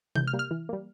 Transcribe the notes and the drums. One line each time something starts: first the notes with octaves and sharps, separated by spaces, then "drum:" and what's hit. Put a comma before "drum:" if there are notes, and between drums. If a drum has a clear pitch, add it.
E3 G6, drum: tom C3
F6
G3 A#3
F6
E3
G3 A#3